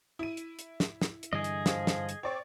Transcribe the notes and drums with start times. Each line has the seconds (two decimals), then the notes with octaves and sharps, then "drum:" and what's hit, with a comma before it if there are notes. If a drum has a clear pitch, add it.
0.19 E4 D#7
0.37 drum: hi-hat
0.59 drum: hi-hat
0.80 drum: snare
1.02 drum: snare
1.23 drum: hi-hat
1.33 G2 D3 E3 G#4 D#5
1.44 drum: hi-hat
1.66 F3, drum: snare
1.87 drum: snare
2.09 drum: hi-hat
2.23 C4 C#5 D5 C#6